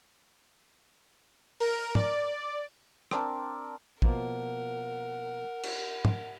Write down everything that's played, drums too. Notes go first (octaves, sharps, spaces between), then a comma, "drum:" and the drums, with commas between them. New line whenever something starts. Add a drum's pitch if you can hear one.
A#4, drum: open hi-hat
D5, drum: tom
C4 D4 A#4 A5, drum: rim click
B2 F3 A#3 A#4 F#5, drum: kick
drum: cymbal
drum: tom